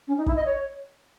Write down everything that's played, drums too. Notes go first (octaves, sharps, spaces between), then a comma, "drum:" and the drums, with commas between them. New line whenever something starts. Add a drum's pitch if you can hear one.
C#4
D#4
E4, drum: kick
D#5
C#5